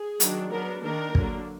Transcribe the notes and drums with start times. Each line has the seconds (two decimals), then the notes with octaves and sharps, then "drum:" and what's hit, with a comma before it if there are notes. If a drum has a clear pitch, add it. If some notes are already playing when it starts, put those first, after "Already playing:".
Already playing: G#4
0.20 D#3 F#3 D4, drum: hi-hat
0.51 F#3 B3 D4 A#4
0.83 D#3 A#3 D4 A#4
1.15 D3 F#3 A#3 D4, drum: kick